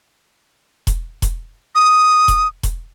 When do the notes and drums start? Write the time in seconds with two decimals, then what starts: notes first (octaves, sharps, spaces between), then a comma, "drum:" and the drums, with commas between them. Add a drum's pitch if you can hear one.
0.87 drum: kick E1, hi-hat
1.22 drum: kick E1, hi-hat
1.75 D#6
2.28 drum: kick E1, hi-hat
2.63 drum: kick E1, hi-hat